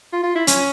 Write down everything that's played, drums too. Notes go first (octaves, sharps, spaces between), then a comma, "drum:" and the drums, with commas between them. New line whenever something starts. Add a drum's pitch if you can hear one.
F4
F4
E4
C#4, drum: hi-hat